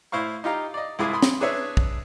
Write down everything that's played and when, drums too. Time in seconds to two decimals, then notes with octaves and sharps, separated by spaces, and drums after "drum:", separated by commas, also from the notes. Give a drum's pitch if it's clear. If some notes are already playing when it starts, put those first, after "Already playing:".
0.12 A2 E4 C5 F5 C#6
0.44 D#4 F4 G4 F5 A#5
0.74 D5 D#5
0.99 C2 G#2 E4 F4 G#4 D6
1.13 B5 C6 D#6
1.22 drum: snare
1.41 D4 G#4 B4 C#5 E5
1.77 drum: kick